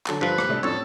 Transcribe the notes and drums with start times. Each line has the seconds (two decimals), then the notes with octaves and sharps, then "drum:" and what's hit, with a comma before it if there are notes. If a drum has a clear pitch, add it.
0.06 D3 F#3 A4, drum: clap
0.21 G2 F3 B4
0.38 drum: rim click
0.48 C2 A3 D4
0.63 F2 A2 C#4 D4 A4 C#5